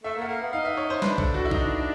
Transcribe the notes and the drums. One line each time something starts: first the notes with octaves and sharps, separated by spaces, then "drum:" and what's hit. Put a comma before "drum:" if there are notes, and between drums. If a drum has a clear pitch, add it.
A3 E5
A#3
F#5
A#3 F5
B3
D#4 F5
E5
C#5
C5
D4 B4, drum: snare
A4, drum: kick B1
F#4
E4
D#4, drum: kick B1